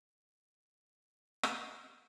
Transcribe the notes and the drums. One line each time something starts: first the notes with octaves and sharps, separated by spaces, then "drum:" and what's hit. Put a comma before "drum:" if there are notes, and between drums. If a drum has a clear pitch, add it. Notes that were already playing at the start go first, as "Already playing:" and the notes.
Already playing: A#3
G3
drum: rim click